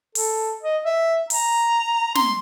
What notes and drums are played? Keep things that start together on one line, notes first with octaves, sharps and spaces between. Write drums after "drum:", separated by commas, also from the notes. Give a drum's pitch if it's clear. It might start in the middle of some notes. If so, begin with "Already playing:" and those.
A4, drum: open hi-hat
D#5
E5
A#5, drum: open hi-hat
C6, drum: snare